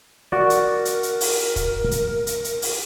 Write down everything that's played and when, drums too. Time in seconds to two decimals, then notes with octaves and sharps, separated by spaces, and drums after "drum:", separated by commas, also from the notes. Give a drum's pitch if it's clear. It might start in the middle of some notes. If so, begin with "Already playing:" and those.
0.32 F#4 A#4 D5
0.50 drum: hi-hat
0.85 drum: hi-hat
1.03 drum: hi-hat
1.21 drum: open hi-hat
1.56 drum: kick, hi-hat
1.91 drum: hi-hat
2.27 drum: hi-hat
2.44 drum: hi-hat
2.62 drum: open hi-hat